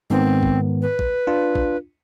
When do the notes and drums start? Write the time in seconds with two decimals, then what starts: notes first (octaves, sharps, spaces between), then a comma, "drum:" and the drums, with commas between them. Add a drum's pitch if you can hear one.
0.10 G#2 D#3 B3 C4
0.43 drum: kick A1
0.82 B4
0.99 drum: kick A1
1.27 D4 F4
1.55 drum: kick A1